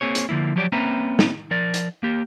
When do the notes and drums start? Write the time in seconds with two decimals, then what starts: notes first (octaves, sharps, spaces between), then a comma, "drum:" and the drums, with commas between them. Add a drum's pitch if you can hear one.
0.01 A#3 C4 G#4 C#5
0.15 drum: hi-hat
0.29 D3 F3 A#3 E4
0.56 F3 F#3 G4 C#5 D5
0.72 A#3 C4 C#4 B4 E5 A#5
1.19 drum: snare
1.51 F3 A#4 D5
1.74 drum: hi-hat
2.03 A#3 G4